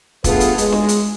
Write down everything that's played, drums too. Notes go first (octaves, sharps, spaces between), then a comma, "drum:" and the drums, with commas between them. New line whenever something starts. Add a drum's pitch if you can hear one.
G2 A3 B3 F4 G#4 B4, drum: kick, hi-hat
drum: hi-hat
G#3, drum: hi-hat
drum: snare
drum: hi-hat